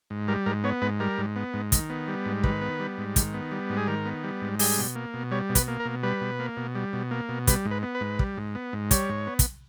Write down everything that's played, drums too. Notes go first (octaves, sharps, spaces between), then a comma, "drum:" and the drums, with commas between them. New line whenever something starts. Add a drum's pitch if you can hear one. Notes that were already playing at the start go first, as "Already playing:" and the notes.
G#2
G3 A#4
G#2 A#4
B3 C#5
G#2 B4
G3 A#4
G#2
B3
G#2
D#3, drum: kick, hi-hat
B3
G3
G#2
D#3 B4, drum: kick
B3
G3
G#2
D#3, drum: kick, hi-hat
B3
G3
G#2
G#4
D#3 A#4
B3
G3
G#2
G3 G#4, drum: open hi-hat
B2
A#3
B2
G3 C#5
B2
B4, drum: kick, hi-hat
A#3
A#4
B2
G3 B4
B2
A#3
B2
G3
B2
A#3
B2
G3 B4, drum: kick, hi-hat
G#2
B4
B3
B4
G#2
G3, drum: kick
G#2
B3
G#2
G3 C#5, drum: kick, hi-hat
G#2
B3
drum: kick, hi-hat